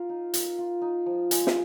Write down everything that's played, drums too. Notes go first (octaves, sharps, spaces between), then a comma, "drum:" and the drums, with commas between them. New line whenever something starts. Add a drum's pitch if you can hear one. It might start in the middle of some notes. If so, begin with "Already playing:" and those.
Already playing: F4 A#4
D#4
F4, drum: hi-hat
F4
D#4
F3
G#3 G#4, drum: hi-hat
drum: snare